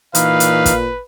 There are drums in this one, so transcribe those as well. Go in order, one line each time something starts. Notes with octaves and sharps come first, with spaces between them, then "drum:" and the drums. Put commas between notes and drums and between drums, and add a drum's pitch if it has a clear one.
A#2 E3 D#4 B4 F5, drum: hi-hat
drum: hi-hat
drum: kick, hi-hat